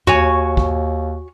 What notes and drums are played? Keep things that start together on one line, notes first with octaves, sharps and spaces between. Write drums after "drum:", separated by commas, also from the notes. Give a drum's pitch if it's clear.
D#2 F#4 C#5 G#5, drum: tom
drum: kick